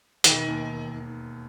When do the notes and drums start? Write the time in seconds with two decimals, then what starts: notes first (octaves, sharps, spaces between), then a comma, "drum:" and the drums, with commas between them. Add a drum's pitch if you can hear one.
0.24 E1 D#3, drum: hi-hat
0.48 D#2